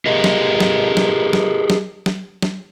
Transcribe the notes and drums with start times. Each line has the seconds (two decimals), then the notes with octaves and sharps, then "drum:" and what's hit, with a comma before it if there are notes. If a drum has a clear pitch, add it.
0.06 G4 G#4 A#4 D#5
0.24 drum: snare
0.60 drum: snare
0.97 drum: snare
1.33 drum: snare
1.70 drum: snare
2.06 drum: snare
2.42 drum: snare